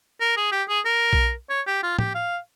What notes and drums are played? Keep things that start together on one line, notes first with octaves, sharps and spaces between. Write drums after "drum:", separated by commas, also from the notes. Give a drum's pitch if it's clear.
A#4
G#4
G4
G#4
A#4
drum: kick B1
C#5
G4
F4
G4, drum: tom
F5